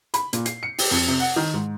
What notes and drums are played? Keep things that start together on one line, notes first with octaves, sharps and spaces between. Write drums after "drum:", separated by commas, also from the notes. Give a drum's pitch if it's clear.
B5, drum: hi-hat
A#2, drum: hi-hat
C7, drum: hi-hat
C#7
G4, drum: open hi-hat
F2
C3
F#5
D#3
G#2